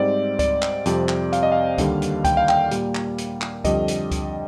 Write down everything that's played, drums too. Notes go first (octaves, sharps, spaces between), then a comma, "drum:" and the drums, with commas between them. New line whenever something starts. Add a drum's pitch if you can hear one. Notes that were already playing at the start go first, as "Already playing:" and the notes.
Already playing: G#2 G3 C4 D5
D5, drum: kick C#2, hi-hat
drum: clap
F2 C3 G3 C4, drum: hi-hat
drum: clap
F5, drum: hi-hat
D#5
F5
D#2 D3 G3, drum: kick C#2, hi-hat
drum: hi-hat
G5, drum: kick C#2, hi-hat
F5
G5, drum: clap
A#2 G3 A#3, drum: hi-hat
drum: clap
drum: hi-hat
drum: clap
F2 D3 G3 D4 D#5, drum: kick C#2, hi-hat
drum: hi-hat
drum: kick C#2, hi-hat